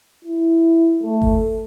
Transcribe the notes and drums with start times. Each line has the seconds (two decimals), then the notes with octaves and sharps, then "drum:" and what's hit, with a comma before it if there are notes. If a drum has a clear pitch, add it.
0.24 E4
1.02 A3
1.22 drum: kick G1